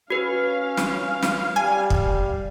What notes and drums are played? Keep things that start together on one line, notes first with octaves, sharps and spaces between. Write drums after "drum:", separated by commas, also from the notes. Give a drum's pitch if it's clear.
C#4 F#4 B4 F5
drum: snare
drum: snare
G3 G#5
drum: kick